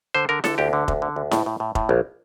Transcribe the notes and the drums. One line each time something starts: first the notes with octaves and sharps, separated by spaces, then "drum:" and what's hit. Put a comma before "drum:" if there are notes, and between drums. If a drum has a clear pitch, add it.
D3 C5
D3 A#4
D3 A4, drum: snare E4
D2 G4
D3
D2, drum: kick F1
D3
D2
A2, drum: snare E4
A2
A2
A2, drum: kick F1
A#1